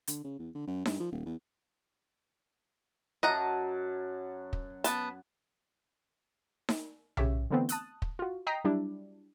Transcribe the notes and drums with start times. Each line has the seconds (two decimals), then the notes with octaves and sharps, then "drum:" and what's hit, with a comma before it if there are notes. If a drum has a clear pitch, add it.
0.07 D3, drum: hi-hat
0.24 C#3
0.39 E2
0.55 D3
0.67 F#2
0.86 G2, drum: snare D#4
1.00 F3
1.12 D#1
1.26 E2
3.23 F#2 F#3 D#5 F#5 A5 A#5
4.53 drum: kick
4.84 B3 A5, drum: hi-hat
6.69 drum: snare D#4
7.17 C#3 G4 C#5 E5, drum: tom B1
7.51 D3 E3 A3 B3 C4
7.69 A5 D#6 F#6, drum: hi-hat
8.02 drum: kick
8.19 F4 F#4
8.47 D#5 G5 A#5 D#6 B6 C7
8.64 F#3 G3 D4 E4 G4